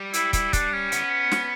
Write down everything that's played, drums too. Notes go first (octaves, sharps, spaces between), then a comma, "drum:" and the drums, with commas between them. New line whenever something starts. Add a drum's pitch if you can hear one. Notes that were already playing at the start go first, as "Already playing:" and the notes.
Already playing: G3
E4, drum: hi-hat
E4, drum: kick, hi-hat
D4, drum: kick, hi-hat
C#4
B3, drum: hi-hat
drum: snare